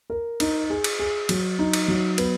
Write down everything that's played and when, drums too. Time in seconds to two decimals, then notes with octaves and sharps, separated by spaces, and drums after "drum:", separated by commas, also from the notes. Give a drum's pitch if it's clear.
0.10 A#4
0.40 D#4, drum: cymbal
0.70 G#4
0.84 drum: cymbal
0.99 G#4
1.29 F#3, drum: cymbal
1.59 D#4
1.73 drum: cymbal
1.88 F#3
2.18 B3, drum: cymbal